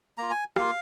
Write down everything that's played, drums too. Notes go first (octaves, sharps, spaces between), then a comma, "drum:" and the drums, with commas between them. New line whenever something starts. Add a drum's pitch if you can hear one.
A#3 F4 A#5
G#5
A#3 F4 F5, drum: rim click